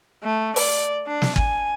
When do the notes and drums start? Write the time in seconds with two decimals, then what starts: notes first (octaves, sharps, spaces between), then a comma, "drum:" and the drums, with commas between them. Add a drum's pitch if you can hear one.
0.23 A3
0.56 D5, drum: open hi-hat
1.07 D4
1.22 drum: snare
1.36 G#5, drum: kick